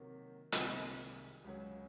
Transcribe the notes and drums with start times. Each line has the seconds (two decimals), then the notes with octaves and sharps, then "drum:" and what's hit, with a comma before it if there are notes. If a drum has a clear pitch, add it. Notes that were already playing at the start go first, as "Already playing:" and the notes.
Already playing: C3 D#3 F#3 A#3
0.52 C2 C3 D#3 G#3, drum: hi-hat
1.44 C#2 C#3 F#3